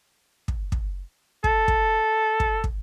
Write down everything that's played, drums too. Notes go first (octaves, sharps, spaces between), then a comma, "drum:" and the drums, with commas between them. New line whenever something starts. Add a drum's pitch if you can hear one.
drum: kick
drum: kick
A4, drum: kick
drum: kick
drum: kick
drum: kick